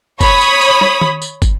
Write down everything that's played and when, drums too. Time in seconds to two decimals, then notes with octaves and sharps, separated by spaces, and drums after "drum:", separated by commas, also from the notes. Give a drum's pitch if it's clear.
0.21 C#5 B5 D#6, drum: kick, tambourine
0.41 drum: tambourine
0.61 drum: tambourine
0.81 drum: snare
1.01 drum: tom D#3
1.22 drum: tambourine
1.42 drum: kick, tambourine